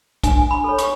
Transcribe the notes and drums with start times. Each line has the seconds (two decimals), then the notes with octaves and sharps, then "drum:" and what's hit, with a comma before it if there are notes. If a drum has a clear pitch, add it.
0.23 D4 G#5, drum: kick, hi-hat
0.51 B5
0.64 A4 C#5
0.78 C#6, drum: hi-hat